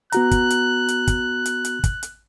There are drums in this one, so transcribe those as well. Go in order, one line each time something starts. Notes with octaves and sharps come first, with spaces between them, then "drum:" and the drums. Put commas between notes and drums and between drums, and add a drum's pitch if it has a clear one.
B3 F#4 A#5 F#6, drum: hi-hat
drum: kick, hi-hat
drum: hi-hat
drum: hi-hat
drum: kick, hi-hat
drum: hi-hat
drum: hi-hat
drum: kick, hi-hat
drum: hi-hat